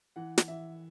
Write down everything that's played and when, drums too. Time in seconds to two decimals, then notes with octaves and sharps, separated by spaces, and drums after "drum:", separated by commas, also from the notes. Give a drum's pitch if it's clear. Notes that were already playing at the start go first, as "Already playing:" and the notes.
0.16 E3 F#5
0.38 drum: snare
0.48 E3 E5